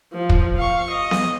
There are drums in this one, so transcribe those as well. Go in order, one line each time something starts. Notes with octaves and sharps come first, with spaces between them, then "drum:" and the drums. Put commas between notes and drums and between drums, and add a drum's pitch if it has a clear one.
F3
drum: kick
F5 C#6
D#5
drum: snare B3